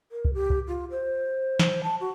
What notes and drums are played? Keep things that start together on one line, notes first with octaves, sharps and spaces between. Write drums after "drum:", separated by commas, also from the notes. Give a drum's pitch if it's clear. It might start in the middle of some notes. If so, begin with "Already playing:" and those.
A#4
drum: kick
G4
drum: kick
F4
C5
drum: snare
A5
F#4